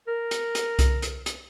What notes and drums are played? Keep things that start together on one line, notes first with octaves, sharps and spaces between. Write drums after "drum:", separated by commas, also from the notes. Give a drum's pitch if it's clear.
A#4
drum: hi-hat
drum: hi-hat
drum: kick C2, hi-hat
drum: hi-hat
drum: hi-hat